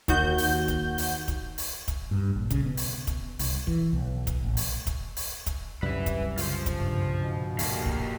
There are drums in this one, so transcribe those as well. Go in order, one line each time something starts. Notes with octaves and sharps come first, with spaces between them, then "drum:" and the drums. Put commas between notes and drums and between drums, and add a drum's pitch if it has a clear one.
D#2 D#3 F#4 G6, drum: kick, hi-hat
drum: open hi-hat
drum: kick, hi-hat
drum: open hi-hat
drum: kick, hi-hat
drum: open hi-hat
drum: kick, hi-hat
G2
A#1
C#3, drum: kick, hi-hat
B2
drum: open hi-hat
drum: kick, hi-hat
C2, drum: open hi-hat
E3, drum: kick
B1
drum: kick, hi-hat
A1
drum: open hi-hat
drum: kick, hi-hat
drum: open hi-hat
drum: kick, hi-hat
C2 F#2 G3 B4 E5
drum: kick, hi-hat
C#3 F4 C5, drum: open hi-hat
drum: kick, hi-hat
A#1 G2
B2
D2 A#3 G4 F5, drum: open hi-hat
drum: kick